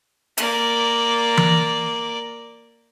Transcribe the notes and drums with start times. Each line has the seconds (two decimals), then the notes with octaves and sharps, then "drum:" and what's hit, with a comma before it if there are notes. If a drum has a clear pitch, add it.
0.38 A#3 D5, drum: hi-hat
1.37 drum: tom E3